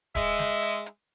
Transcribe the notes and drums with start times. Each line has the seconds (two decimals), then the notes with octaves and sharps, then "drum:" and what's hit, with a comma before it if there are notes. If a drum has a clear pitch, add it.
0.15 G#3 E5, drum: kick D1, hi-hat
0.39 drum: snare
0.63 drum: hi-hat
0.86 drum: hi-hat